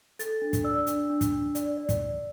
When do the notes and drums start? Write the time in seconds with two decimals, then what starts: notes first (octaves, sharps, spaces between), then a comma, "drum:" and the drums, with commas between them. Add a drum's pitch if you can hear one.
0.19 A4 A6, drum: hi-hat
0.42 D4
0.53 drum: kick, hi-hat
0.64 D5 E6
0.87 D4, drum: hi-hat
1.10 D4
1.21 drum: kick, hi-hat
1.32 D4
1.55 D5, drum: hi-hat
1.77 D5
1.89 drum: kick, hi-hat
2.00 D5